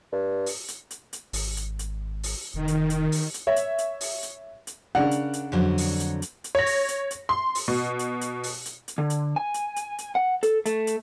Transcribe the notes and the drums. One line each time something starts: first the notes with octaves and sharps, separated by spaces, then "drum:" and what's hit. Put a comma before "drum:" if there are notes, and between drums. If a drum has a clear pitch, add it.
G2
drum: open hi-hat
drum: hi-hat
drum: hi-hat
drum: hi-hat
G#1, drum: open hi-hat
drum: hi-hat
drum: hi-hat
drum: open hi-hat
F1 D#3
drum: hi-hat
drum: hi-hat
drum: open hi-hat
drum: hi-hat
C#5 E5
drum: hi-hat
drum: hi-hat
drum: open hi-hat
drum: hi-hat
drum: hi-hat
C#3 D4 A#4 F#5
drum: hi-hat
drum: hi-hat
F2 D3 F#3
drum: open hi-hat
drum: hi-hat
drum: hi-hat
drum: hi-hat
C#5 A#6
drum: open hi-hat
drum: hi-hat
drum: hi-hat
C6
drum: open hi-hat
B2
drum: hi-hat
drum: hi-hat
drum: open hi-hat
drum: hi-hat
drum: hi-hat
D3
drum: hi-hat
G#5
drum: hi-hat
drum: hi-hat
drum: hi-hat
F#5
A4, drum: hi-hat
A3, drum: hi-hat
drum: hi-hat